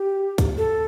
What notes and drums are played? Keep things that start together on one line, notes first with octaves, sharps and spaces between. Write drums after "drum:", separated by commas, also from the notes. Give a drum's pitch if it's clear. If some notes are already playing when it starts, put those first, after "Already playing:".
Already playing: G4
drum: kick, hi-hat
A4